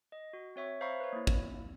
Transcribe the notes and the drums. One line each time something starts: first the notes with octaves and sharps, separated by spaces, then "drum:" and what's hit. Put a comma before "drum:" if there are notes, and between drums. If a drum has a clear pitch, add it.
D#5
F#4
C4 C#5 E5 C#6
C5 E5 F5 A#5 B5 C#6
B4 C#5
A#3 E4
drum: kick